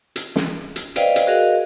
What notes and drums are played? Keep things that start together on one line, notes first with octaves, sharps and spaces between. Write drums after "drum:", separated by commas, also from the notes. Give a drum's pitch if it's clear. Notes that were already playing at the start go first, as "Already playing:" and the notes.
drum: hi-hat
drum: snare
drum: hi-hat
B4 C5 D5 D#5 F5 G5, drum: hi-hat
drum: hi-hat
F#4 G#4 A#4 D#5 F5 F#5